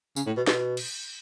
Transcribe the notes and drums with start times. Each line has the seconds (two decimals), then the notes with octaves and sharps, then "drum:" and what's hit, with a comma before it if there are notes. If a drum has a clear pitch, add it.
0.16 C#3, drum: tambourine
0.26 A2
0.37 B2
0.47 B2, drum: snare
0.77 drum: cymbal